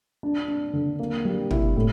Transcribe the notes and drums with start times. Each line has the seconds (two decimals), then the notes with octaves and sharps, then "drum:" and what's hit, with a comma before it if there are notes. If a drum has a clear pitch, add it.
0.23 D4
0.48 D4
0.73 D3
0.99 A#3
1.25 G3
1.51 E4, drum: tom
1.76 A2